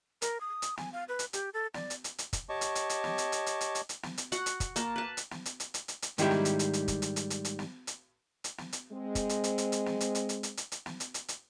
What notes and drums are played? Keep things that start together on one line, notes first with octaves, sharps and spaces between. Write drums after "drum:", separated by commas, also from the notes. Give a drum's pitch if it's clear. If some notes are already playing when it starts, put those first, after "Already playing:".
A#4, drum: hi-hat
D#6
drum: hi-hat
G#5, drum: snare
F5
B4
drum: hi-hat
G4, drum: hi-hat
A4
D5, drum: snare
drum: hi-hat
drum: hi-hat
drum: hi-hat
drum: kick, hi-hat
G4 C#5 D#5 A5 C#6 D6
drum: hi-hat
drum: hi-hat
drum: hi-hat
drum: snare
drum: hi-hat
drum: hi-hat
drum: hi-hat
drum: hi-hat
drum: hi-hat
drum: hi-hat
drum: snare
drum: hi-hat
F#4 F#5, drum: hi-hat
drum: hi-hat
drum: kick, hi-hat
A#3 A5, drum: hi-hat
B4 A5
drum: hi-hat
drum: snare
drum: hi-hat
drum: hi-hat
drum: hi-hat
drum: hi-hat
drum: hi-hat
G#2 D#3 G3 G#3 E4 G4, drum: hi-hat
drum: snare
drum: hi-hat
drum: hi-hat
drum: hi-hat
drum: kick, hi-hat
drum: hi-hat
drum: hi-hat
drum: hi-hat
drum: hi-hat
drum: snare
drum: hi-hat
drum: hi-hat
drum: snare
drum: hi-hat
G#3 C4
drum: kick, hi-hat
drum: hi-hat
drum: hi-hat
drum: hi-hat
drum: hi-hat
drum: snare
drum: hi-hat
drum: hi-hat
drum: hi-hat
drum: hi-hat
drum: hi-hat
drum: hi-hat
drum: snare
drum: hi-hat
drum: hi-hat
drum: hi-hat